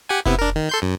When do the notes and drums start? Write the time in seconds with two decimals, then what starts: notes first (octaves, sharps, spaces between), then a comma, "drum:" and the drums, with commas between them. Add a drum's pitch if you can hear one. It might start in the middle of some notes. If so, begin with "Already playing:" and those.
0.09 G4 F#5 G#5
0.26 C3 B3 E4, drum: kick F1
0.39 D4 A#4
0.56 D#3
0.69 A4 C6 G6
0.82 F#2